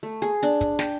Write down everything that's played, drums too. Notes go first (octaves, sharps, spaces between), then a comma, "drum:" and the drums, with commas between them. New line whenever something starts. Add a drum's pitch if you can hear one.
A3
G#4, drum: hi-hat
D4, drum: hi-hat
drum: kick, hi-hat
G5, drum: snare